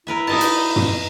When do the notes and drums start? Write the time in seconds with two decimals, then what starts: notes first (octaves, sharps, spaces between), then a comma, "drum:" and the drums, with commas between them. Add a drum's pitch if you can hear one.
0.07 E4 A#4 B4 E5
0.27 D#4 D#5 A5, drum: cymbal
0.41 drum: hi-hat
0.76 drum: tom